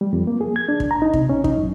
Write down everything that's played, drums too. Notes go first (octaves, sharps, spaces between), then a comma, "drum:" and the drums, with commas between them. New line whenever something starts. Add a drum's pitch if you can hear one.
G3
F2
A#3
G#4
G#6
D4
drum: kick
A#5
D#4
C3, drum: kick
C#4
D#4, drum: kick
F#2